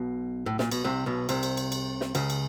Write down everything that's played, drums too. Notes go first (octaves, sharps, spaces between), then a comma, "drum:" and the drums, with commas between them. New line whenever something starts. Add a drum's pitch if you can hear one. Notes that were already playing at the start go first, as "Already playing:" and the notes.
Already playing: B1 B2
A2
A#2, drum: snare
B2, drum: cymbal
C2 C3
B1 B2
C2 C3, drum: cymbal
drum: cymbal
drum: cymbal
drum: cymbal
drum: snare
C#2 C#3, drum: cymbal
drum: cymbal